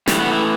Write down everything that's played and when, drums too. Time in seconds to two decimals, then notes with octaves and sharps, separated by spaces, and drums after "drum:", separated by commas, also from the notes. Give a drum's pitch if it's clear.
0.08 A2 E3 G3, drum: snare
0.19 B3
0.33 E4